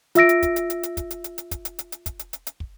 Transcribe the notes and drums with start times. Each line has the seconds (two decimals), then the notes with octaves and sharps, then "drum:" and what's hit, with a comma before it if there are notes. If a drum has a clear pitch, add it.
0.15 F4 E5 E6 A#6 D7, drum: hi-hat
0.29 drum: hi-hat
0.43 drum: kick, hi-hat
0.56 drum: hi-hat
0.70 drum: hi-hat
0.83 drum: hi-hat
0.97 drum: kick, hi-hat
1.11 drum: hi-hat
1.24 drum: hi-hat
1.38 drum: hi-hat
1.51 drum: kick, hi-hat
1.65 drum: hi-hat
1.79 drum: hi-hat
1.92 drum: hi-hat
2.06 drum: kick, hi-hat
2.19 drum: hi-hat
2.33 drum: hi-hat
2.47 drum: hi-hat
2.60 drum: kick